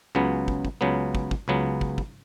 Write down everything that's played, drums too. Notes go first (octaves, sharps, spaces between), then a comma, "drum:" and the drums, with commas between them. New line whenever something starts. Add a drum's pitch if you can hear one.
C#2 C#3 F#3 B3
drum: kick
drum: kick
C#2 C#3 F#3 B3
drum: kick
drum: kick
C#2 C#3 F#3 B3
drum: kick
drum: kick